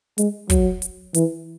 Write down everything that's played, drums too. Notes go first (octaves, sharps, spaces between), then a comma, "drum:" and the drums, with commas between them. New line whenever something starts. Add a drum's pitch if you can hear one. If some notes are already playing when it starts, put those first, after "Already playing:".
G#3, drum: hi-hat
F#3, drum: kick, hi-hat
drum: hi-hat
E3, drum: hi-hat